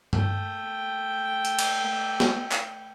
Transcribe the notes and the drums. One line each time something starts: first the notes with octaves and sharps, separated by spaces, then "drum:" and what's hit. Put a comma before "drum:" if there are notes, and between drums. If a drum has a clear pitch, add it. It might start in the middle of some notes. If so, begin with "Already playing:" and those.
A3 G5, drum: tom G2
drum: hi-hat
drum: cymbal
drum: snare
drum: clap